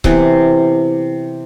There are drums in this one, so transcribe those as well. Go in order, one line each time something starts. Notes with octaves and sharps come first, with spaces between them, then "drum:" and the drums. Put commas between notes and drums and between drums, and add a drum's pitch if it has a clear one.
C3 E3 B3 G5, drum: kick C#1